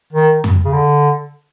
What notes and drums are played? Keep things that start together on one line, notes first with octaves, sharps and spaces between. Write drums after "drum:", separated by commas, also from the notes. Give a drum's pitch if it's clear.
D#3
drum: tom F2
C#3
D3